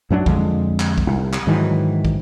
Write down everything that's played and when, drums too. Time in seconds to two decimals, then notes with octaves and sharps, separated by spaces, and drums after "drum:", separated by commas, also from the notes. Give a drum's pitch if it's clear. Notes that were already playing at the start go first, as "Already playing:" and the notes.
0.10 F#2 F#3 A3 D4
0.26 F2 D3 G#3, drum: kick
0.80 drum: clap
0.98 drum: kick
1.07 C2
1.33 drum: clap
1.47 G#2 D#3 E3 F#3
2.05 drum: kick